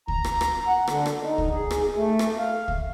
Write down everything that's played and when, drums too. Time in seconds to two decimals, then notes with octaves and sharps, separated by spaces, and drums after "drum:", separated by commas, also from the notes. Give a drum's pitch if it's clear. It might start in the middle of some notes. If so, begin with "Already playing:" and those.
0.08 A#5, drum: kick C#2
0.24 drum: rim click
0.41 drum: rim click
0.67 F#5
0.87 D3, drum: rim click
1.06 drum: rim click
1.22 D#4
1.38 drum: kick C#2
1.51 G#4
1.71 drum: rim click
1.96 A3
2.19 drum: rim click
2.39 F5
2.68 drum: kick C#2